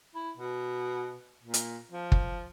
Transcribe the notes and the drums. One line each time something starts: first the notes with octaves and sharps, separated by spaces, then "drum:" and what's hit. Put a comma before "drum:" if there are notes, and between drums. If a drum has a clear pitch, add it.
E4
B2
A#2
drum: hi-hat
F3
drum: kick